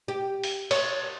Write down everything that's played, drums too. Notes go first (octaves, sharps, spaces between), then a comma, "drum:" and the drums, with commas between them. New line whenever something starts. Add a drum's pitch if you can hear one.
G4
drum: open hi-hat
C#5, drum: cymbal